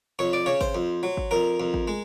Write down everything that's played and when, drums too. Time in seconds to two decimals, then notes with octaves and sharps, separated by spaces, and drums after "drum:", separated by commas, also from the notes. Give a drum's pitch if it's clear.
0.19 F2 C#5
0.33 D5
0.46 C#3 C#5
0.61 C5, drum: kick G#1
0.75 F2
1.03 F#3
1.17 drum: kick G#1
1.31 F2 A#4
1.60 F2
1.74 drum: kick G#1
1.88 G#3